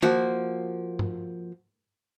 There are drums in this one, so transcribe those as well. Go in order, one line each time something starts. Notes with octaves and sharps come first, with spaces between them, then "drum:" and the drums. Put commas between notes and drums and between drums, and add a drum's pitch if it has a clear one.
F3 A#3 F#4, drum: tom
drum: tom G2